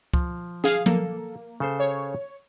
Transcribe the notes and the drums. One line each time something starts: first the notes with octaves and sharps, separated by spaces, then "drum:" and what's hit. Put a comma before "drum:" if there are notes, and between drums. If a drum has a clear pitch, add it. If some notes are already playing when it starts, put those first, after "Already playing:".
F3, drum: kick C#2
G#4 F5, drum: snare C#4
A#3 A4, drum: tom F3
C#3 A4 C5
C#5